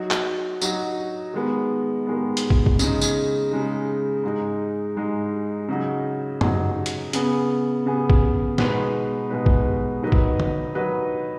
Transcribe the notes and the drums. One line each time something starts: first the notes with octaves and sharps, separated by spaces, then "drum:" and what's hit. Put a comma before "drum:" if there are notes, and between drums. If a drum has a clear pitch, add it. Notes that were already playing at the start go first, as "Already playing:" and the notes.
Already playing: F#3 D#4 F#4
drum: clap
F#3 D#4 F#4, drum: tambourine
D#3 G#3 B3
D#3 G#3 B3
drum: hi-hat
drum: kick
drum: kick
C#3 G#3 D#4, drum: tambourine
drum: tambourine
C#3 G#3 D#4
G#2 G#3 D#4
G#2 G#3 D#4
C#3 F#3 D#4
C#3 F#3 D#4, drum: tom F#2
drum: hi-hat
C#3 B3 G#4, drum: hi-hat
C#3 B3 G#4
drum: kick
B2 G#3 D#4 B4, drum: snare
B2 G#3 D#4 B4
drum: kick
D#3 F#3 D#4 B4 D#5
drum: kick
drum: tom D3
D#3 F#3 D#4 B4 D#5